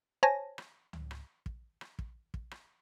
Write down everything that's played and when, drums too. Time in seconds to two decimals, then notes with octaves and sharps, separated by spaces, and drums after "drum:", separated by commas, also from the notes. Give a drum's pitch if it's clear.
0.23 C5 C#5 G#5 A5 A#6
0.58 drum: rim click
0.93 drum: tom C#2
1.11 drum: rim click
1.46 drum: kick
1.81 drum: rim click
1.99 drum: kick
2.34 drum: kick
2.51 drum: rim click